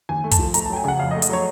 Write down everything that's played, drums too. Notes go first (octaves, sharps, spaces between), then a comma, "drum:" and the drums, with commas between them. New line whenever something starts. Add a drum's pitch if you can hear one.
D#2 G#5
A3
A5, drum: kick, hi-hat
F3
A3 A#5, drum: hi-hat
A5
F#3 G5
G#5
C#3 F#5
F2 F5
D#5
A3
D#5, drum: hi-hat
F#3 C#5